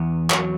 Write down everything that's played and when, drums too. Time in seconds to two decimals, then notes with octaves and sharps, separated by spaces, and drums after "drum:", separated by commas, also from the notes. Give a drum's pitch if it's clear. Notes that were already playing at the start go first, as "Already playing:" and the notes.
Already playing: E2 B3
0.30 F#3 A#4 C#5, drum: clap